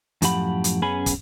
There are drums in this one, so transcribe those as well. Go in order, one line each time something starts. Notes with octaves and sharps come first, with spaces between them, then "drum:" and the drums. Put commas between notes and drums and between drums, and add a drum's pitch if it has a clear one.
F#2 A2 F3 G4 F#5 B5, drum: hi-hat
drum: hi-hat
F#2 B3 C#4 G#4 G#5 B5
drum: kick, hi-hat